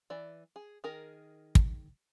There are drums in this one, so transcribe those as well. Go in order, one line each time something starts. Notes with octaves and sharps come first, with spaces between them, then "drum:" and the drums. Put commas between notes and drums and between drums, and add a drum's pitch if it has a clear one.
E3 D5
G#4
D#3 G#4 A#4
drum: kick